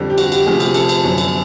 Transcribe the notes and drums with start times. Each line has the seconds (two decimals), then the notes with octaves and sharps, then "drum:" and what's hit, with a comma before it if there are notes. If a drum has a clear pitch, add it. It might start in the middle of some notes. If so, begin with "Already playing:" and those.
Already playing: F2 D3 G3
0.10 G4
0.18 F#4, drum: cymbal
0.32 G4, drum: cymbal
0.46 C3 F3 A3 G#4
0.60 G#4, drum: cymbal
0.74 A4, drum: cymbal
0.89 drum: cymbal
1.03 F#2 D3 F#3 B3
1.18 drum: cymbal